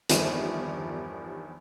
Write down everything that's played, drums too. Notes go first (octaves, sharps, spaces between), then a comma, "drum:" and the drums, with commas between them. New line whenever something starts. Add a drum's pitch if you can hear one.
G1 E2 D#3 F3 G3, drum: hi-hat